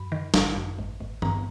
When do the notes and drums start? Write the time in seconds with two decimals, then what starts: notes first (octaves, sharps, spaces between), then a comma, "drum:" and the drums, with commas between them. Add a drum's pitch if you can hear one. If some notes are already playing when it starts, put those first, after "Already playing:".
Already playing: F#2 B5
0.12 D#3
0.34 G#1, drum: snare
0.56 F#2
0.79 G#1
1.00 G#1
1.22 G2 A#5, drum: tom D#3